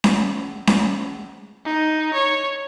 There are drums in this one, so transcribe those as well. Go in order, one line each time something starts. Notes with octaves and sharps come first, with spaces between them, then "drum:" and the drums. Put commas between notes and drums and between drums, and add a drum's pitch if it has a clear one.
drum: snare C#4
drum: snare C#4
D#4
C#5